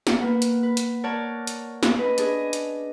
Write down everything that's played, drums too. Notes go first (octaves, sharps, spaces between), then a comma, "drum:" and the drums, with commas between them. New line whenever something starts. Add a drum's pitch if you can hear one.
drum: snare
A#3 B4 F#5
drum: hi-hat
B4
drum: hi-hat
A#4 C#5 D5 F#5 A5
drum: hi-hat
drum: snare
C#4 B4 D#5
D4 G#4 B4 D#5, drum: hi-hat
drum: hi-hat